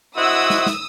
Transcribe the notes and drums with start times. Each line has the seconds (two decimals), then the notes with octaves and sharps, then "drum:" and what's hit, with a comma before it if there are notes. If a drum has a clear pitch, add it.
0.18 E4 F#4 C5 D#5 F#5 D#6 E6
0.50 drum: snare
0.66 drum: snare